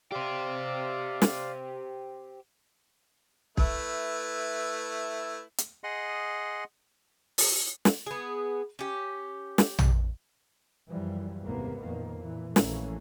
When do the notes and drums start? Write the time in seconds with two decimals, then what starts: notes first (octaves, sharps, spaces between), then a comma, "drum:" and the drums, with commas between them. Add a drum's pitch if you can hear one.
0.12 G4 C5 D5 F5
1.22 drum: snare
3.57 A3 E4 B4, drum: kick
5.58 drum: hi-hat
5.84 G#4 D#5 F#5 C6
7.38 drum: open hi-hat
7.85 drum: snare
8.07 B3 G#4
8.79 C#4 G4
9.58 drum: snare
9.79 drum: tom A#1
10.90 F#2 E3 F3 G3
11.44 G#1 E2 C3 A#3 B3
11.80 F2 A#2 D#3 A#3
12.18 A#2 E3
12.56 A#1 E3 A3 A#3 C#4, drum: snare